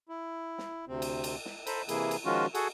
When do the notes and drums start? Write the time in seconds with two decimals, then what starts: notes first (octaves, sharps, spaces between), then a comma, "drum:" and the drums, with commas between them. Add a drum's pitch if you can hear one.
0.09 E4
0.58 drum: snare
0.88 D2 C3 C4
1.02 drum: cymbal
1.24 drum: cymbal
1.46 drum: snare
1.67 A4 C5 A#5 B5, drum: cymbal
1.89 C3 E3 A#3 E4 G#4, drum: cymbal
2.11 drum: cymbal
2.25 D#3 F3 G#3 C#4 F4 F#4
2.55 F#4 G#4 A4 F#5 G#5, drum: cymbal